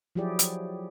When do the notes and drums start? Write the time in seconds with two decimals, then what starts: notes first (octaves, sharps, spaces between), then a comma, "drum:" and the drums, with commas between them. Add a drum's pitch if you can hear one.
0.15 F3 F#3 E4 G4 G#4 D5
0.39 drum: hi-hat